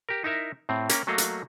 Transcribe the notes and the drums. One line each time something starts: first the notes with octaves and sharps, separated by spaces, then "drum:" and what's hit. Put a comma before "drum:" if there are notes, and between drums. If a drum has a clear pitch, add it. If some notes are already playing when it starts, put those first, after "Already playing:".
G4 A#4
D#4 E4 A#4 E5
A2 C4
A#3 C#4 G5 A#5, drum: hi-hat
F#3 A3 A#3 F#4 D#5 F5
drum: hi-hat